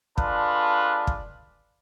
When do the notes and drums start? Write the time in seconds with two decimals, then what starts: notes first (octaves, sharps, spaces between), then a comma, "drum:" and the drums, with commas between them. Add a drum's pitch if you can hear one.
0.18 G#3 D4 F4 A4 B4, drum: kick
1.07 drum: kick